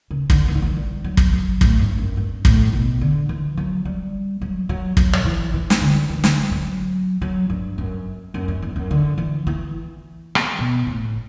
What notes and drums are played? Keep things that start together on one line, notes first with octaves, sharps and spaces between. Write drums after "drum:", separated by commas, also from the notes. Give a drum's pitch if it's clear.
C#3
D3, drum: kick
E3
D3
E3
G3
F#3
drum: kick
F#3
A2, drum: kick
G2
F#2
G2
A2, drum: kick
B2
D3
E3
F#3
G3
F#3
F#3
F#3, drum: kick
drum: tom
E3
E3
drum: snare
D3
E3
D3, drum: snare
F#3
F#3
G2
F#2
F#2
G2
E2
F#2
D3
E3
E3
drum: rim click
B2
A2